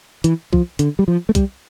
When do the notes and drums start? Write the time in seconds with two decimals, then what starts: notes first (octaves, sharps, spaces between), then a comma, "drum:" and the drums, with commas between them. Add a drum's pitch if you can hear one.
0.24 E3, drum: hi-hat
0.53 F3, drum: kick
0.79 D3, drum: hi-hat
0.99 G3
1.08 F3
1.29 A3
1.35 G3, drum: kick, hi-hat